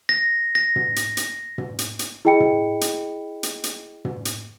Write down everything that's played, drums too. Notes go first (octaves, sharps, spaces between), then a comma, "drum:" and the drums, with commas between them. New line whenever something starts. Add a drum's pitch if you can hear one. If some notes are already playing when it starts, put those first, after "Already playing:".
A#6
A#6
drum: tom
drum: hi-hat
drum: hi-hat
drum: tom
drum: hi-hat
drum: hi-hat
E4 G#4 D#5 G5 B5 C#7
drum: tom
drum: hi-hat
drum: hi-hat
drum: hi-hat
drum: tom
drum: hi-hat